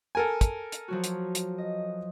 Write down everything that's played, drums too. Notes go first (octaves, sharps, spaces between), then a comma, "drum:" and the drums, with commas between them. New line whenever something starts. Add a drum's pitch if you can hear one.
A4 A#4 G#5
drum: kick, hi-hat
drum: hi-hat
F3 F#3 F#4
drum: hi-hat
drum: hi-hat
D#5